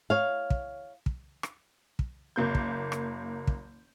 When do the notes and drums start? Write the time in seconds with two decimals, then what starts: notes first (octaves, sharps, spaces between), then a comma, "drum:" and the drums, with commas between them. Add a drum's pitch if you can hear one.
0.10 C#5 F5
0.50 drum: kick
1.06 drum: kick
1.43 drum: rim click
1.99 drum: kick
2.36 F#1 A#3 G6
2.55 drum: kick
2.92 drum: rim click
3.47 drum: kick